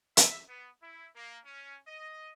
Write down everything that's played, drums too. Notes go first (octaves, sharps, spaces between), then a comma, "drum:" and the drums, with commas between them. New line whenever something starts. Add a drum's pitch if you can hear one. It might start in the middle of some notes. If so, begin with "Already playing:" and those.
E5, drum: hi-hat
B3
E4
A#3
C#4
D#5